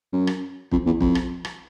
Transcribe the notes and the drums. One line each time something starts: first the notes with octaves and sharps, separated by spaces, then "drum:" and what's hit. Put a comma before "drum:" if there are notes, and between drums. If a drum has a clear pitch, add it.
F#2
drum: rim click
F2, drum: kick
E2
F2, drum: kick
drum: rim click
drum: rim click